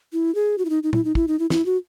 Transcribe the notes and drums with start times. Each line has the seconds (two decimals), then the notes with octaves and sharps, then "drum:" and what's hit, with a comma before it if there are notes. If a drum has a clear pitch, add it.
0.13 E4
0.35 G#4
0.58 F#4
0.65 E4
0.70 D#4
0.83 D#4
0.93 E4, drum: tom
1.05 D#4
1.15 E4, drum: kick
1.28 D#4
1.39 E4
1.50 E4, drum: snare
1.66 F#4